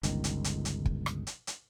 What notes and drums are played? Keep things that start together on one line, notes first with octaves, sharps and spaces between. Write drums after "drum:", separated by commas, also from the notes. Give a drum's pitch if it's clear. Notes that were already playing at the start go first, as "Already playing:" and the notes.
G1 C#2 D#3, drum: hi-hat
drum: hi-hat
drum: hi-hat
drum: hi-hat
drum: kick
drum: rim click
drum: hi-hat
drum: hi-hat